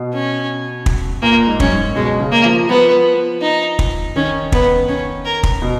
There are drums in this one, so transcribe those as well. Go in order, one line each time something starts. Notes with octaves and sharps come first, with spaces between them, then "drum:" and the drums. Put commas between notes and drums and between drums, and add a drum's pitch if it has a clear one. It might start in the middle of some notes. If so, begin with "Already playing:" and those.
Already playing: B2
C#4
drum: kick
A#2 A#3
G#2
F#2 C#4, drum: kick
G#2
B2 G#3
C#3
A#3
F3
F3 B3
D#4
drum: kick
D#3 C#4
B3, drum: kick
C#4
A#4
drum: kick
B2